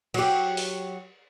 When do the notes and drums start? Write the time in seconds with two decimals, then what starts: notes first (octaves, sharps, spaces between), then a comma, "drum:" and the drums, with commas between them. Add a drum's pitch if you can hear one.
0.14 F#3 G4, drum: cymbal
0.57 drum: open hi-hat